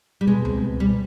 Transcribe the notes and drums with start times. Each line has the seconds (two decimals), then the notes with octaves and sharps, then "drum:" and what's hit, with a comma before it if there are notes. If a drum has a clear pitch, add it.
0.21 G3
0.27 B2 G#3
0.45 C4, drum: tom C#2
0.62 B2
0.80 B2 G3